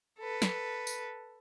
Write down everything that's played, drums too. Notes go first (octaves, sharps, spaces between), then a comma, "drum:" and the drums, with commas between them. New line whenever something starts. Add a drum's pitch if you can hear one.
A4 B4
drum: snare
drum: tambourine